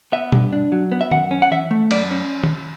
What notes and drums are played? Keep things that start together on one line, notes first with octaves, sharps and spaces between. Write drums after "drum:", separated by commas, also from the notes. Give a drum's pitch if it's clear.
B3 E5
G2, drum: tom
D4
F#3
B3
E5
F#2 F#5, drum: tom D#3
C#4
F#5
E3 E5
A3
F#2 D5, drum: cymbal
C#4
drum: tom